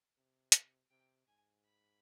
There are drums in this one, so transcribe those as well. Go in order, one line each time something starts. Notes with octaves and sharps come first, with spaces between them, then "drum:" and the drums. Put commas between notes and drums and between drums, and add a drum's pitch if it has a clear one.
C3
drum: hi-hat
C3 G5
G#2 G#5
B5